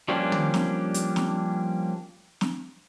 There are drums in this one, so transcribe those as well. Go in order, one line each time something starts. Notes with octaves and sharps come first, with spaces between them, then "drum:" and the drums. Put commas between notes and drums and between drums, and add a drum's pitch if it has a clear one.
F3 G3 A#3 C#4 D4
drum: tom
drum: snare
drum: hi-hat
drum: snare
drum: snare